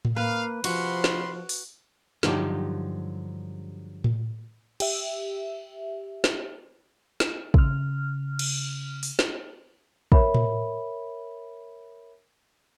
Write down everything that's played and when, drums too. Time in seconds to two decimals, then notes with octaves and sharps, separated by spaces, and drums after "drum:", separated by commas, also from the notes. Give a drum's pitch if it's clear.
0.05 drum: tom A2
0.16 A#3 B4 F5
0.64 C3 F3 F#4 B5 C6, drum: cymbal
1.04 drum: snare
1.49 drum: open hi-hat
2.23 G2 D3 F3 F#3 D#4 G4, drum: snare
4.04 drum: tom A2
4.80 G4 E5, drum: cymbal
6.24 drum: snare
7.20 drum: snare
7.54 C#3 F6, drum: kick
8.39 drum: cymbal
9.03 drum: open hi-hat
9.19 drum: snare
10.12 A#4 C#5 E5 B5, drum: kick
10.34 drum: tom A2